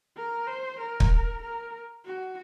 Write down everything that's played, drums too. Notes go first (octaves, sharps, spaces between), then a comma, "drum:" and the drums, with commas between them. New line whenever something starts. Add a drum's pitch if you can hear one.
A#4
C5
A#4
drum: kick
A#4
F#4